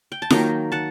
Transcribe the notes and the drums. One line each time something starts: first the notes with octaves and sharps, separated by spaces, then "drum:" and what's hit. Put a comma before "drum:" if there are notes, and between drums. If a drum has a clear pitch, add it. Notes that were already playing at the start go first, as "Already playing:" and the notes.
G5
A5
D#3 F#3 A#3 G5 A#5, drum: snare F4
F#5 A5